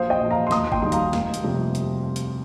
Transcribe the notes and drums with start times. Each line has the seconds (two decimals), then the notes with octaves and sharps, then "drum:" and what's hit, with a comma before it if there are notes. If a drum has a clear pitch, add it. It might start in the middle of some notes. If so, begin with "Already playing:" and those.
Already playing: A#1 C5 F5 D#6
0.10 D#5 G5
0.21 A#2 F3
0.31 F5 A#5
0.47 C6
0.51 D#2 A#5 D#6, drum: snare
0.72 G5 C6, drum: kick
0.82 D#3 G3 D#4 C6
0.92 F5 A#5, drum: hi-hat
1.13 F1, drum: snare
1.34 drum: hi-hat
1.44 F2 C3 G3 A#3
1.75 drum: hi-hat
2.16 drum: hi-hat